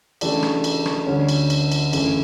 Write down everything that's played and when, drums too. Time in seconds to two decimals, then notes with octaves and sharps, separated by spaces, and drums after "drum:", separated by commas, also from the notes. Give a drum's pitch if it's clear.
0.21 C#3 E3 A3 D4 G4, drum: cymbal
0.43 drum: rim click
0.64 drum: cymbal
0.86 drum: rim click
1.07 D2 D3 G3 C#4
1.29 drum: cymbal
1.50 drum: cymbal
1.72 drum: cymbal
1.93 G1 F#2 C#3 E3 A3, drum: cymbal